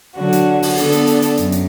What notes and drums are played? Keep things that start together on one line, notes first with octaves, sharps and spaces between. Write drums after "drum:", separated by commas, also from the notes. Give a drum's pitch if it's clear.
D3 F#3 D4 F#4
drum: hi-hat
drum: open hi-hat
D3 B3 D4 A4, drum: hi-hat
drum: hi-hat
drum: hi-hat
drum: hi-hat
F#2, drum: hi-hat
drum: hi-hat